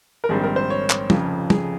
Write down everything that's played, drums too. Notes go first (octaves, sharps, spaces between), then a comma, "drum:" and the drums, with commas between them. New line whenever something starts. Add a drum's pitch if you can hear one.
A#4
A#1 G#2 D#3 G3 C4 G#4
A#4
C5
C#5
drum: clap
F1 F2 C#3 F3, drum: tom
G#4, drum: tom